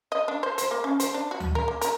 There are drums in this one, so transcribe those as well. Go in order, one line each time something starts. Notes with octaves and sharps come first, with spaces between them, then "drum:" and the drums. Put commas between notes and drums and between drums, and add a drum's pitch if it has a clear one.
D#5
D4
C5
C5, drum: hi-hat
A#3
C#4
C5, drum: hi-hat
D4
F#4
drum: tom D2
A#4
A#3
A#4, drum: hi-hat